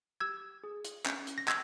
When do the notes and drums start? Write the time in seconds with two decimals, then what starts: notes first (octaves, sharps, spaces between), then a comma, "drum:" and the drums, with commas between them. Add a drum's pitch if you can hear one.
0.20 G4 E6 G#6
0.64 G#4
0.85 drum: hi-hat
1.06 C#4, drum: clap
1.27 drum: hi-hat
1.38 A#6
1.48 E6 G#6, drum: clap